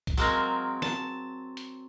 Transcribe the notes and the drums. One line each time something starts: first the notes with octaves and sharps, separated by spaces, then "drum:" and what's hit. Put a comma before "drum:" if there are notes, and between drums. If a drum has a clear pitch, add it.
drum: kick, hi-hat
F#3 G#3 A#3 C4 A#4
A5, drum: snare
drum: hi-hat